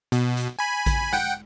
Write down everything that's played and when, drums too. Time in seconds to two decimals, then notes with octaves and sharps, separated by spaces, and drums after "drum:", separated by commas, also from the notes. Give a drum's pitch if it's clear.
0.12 B2, drum: hi-hat
0.37 drum: hi-hat
0.59 G#5 B5
0.86 drum: kick A1, hi-hat
1.13 F#5 G5, drum: snare